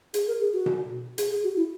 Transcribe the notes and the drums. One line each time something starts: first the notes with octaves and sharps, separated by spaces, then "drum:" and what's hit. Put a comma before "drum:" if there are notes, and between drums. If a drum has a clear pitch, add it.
G#4, drum: hi-hat
A#4
G#4
F#4
drum: tom B2
G#4, drum: hi-hat
G#4
F#4
E4